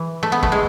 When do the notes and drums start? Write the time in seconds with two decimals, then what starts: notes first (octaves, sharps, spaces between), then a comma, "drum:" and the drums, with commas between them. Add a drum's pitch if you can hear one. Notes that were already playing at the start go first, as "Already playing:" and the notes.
Already playing: E3
0.23 A3
0.32 B3
0.43 A3, drum: kick
0.52 G#3